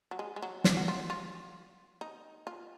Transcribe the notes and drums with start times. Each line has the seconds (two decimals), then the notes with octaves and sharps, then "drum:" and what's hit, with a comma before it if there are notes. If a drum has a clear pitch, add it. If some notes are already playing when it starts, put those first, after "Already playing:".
0.11 F#3
0.19 G#3
0.36 G#3
0.42 F#3
0.64 F4, drum: snare
0.77 F#4
0.88 F4
1.10 F4
2.01 D#4
2.47 F4